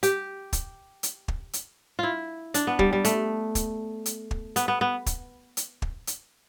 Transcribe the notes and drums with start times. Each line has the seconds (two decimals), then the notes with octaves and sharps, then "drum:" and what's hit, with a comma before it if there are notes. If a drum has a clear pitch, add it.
0.03 G4, drum: hi-hat
0.53 drum: kick, hi-hat
1.03 drum: hi-hat
1.28 drum: kick
1.53 drum: hi-hat
1.99 E4 F4
2.54 D4, drum: hi-hat
2.67 B3
2.79 G3, drum: kick
2.93 G3
3.05 A3, drum: hi-hat
3.55 drum: kick, hi-hat
4.06 drum: hi-hat
4.31 drum: kick
4.56 B3, drum: hi-hat
4.68 B3
4.81 B3
5.06 drum: kick, hi-hat
5.57 drum: hi-hat
5.82 drum: kick
6.07 drum: hi-hat